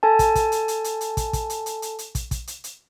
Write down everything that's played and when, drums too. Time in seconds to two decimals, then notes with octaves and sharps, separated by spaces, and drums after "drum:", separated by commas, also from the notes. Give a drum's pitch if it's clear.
0.03 A4 G#5 A5
0.19 drum: kick, hi-hat
0.35 drum: kick, hi-hat
0.52 drum: hi-hat
0.68 drum: hi-hat
0.84 drum: hi-hat
1.01 drum: hi-hat
1.17 drum: kick, hi-hat
1.33 drum: kick, hi-hat
1.50 drum: hi-hat
1.66 drum: hi-hat
1.82 drum: hi-hat
1.99 drum: hi-hat
2.15 drum: kick, hi-hat
2.31 drum: kick, hi-hat
2.47 drum: hi-hat
2.64 drum: hi-hat